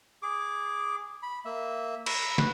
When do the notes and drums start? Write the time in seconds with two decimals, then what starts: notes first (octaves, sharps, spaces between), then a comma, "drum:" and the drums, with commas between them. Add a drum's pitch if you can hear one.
0.23 G#4 D6
1.23 B5
1.45 A#3 E5
2.06 A#5 B5 C#6 E6, drum: cymbal
2.38 B4, drum: snare